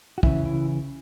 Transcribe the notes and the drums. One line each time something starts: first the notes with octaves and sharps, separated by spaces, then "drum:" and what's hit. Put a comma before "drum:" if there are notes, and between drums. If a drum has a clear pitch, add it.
F#4
C#3 E3 E4, drum: kick
E4